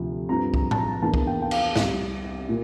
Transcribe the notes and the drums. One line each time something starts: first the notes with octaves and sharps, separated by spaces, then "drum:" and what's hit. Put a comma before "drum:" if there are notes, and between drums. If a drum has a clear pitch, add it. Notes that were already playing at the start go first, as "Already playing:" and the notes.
Already playing: D2 C3 F3
G2 F3 C4 A#5
A#5, drum: kick
A5, drum: tom A2
A#5
E2 E3 A#3 D4 A5
drum: kick
G5
G5
F5, drum: cymbal
C2 C3 G3, drum: snare
A#2